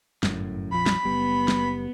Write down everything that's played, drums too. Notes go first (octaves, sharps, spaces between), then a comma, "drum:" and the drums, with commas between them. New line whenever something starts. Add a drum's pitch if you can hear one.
G1 F#2 A2, drum: snare
A#1 F2 F3 B5
drum: snare
F#1 C#2 G3 B3
drum: snare